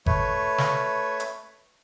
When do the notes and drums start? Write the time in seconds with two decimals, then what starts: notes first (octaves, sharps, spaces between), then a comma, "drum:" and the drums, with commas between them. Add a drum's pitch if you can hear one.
0.06 A3 B4 C#5, drum: kick G1
0.58 drum: snare
1.20 drum: hi-hat